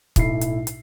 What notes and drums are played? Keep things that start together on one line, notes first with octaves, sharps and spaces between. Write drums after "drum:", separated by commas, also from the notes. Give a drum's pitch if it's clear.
B1 A2 E4 C7, drum: kick, hi-hat
drum: hi-hat
drum: hi-hat